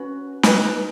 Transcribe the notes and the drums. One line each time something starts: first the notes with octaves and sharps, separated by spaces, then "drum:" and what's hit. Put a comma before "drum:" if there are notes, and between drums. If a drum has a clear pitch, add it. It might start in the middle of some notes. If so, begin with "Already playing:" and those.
Already playing: C#4 F#4 B4
D#4 B4 D#5, drum: snare